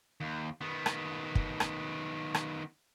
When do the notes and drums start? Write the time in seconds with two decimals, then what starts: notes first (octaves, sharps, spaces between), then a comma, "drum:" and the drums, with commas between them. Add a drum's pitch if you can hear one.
0.20 D#2
0.61 D#3 B3
0.86 drum: rim click
1.35 drum: kick
1.60 drum: rim click
2.34 drum: rim click